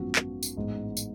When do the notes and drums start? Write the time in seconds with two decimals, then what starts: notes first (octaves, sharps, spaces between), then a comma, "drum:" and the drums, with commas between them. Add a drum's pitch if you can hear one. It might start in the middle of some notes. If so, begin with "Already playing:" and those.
Already playing: G#1 F#2 F3 B3 F#4
0.16 drum: clap
0.43 drum: tambourine
0.56 A1 G#2 G#3 B3
0.97 drum: tambourine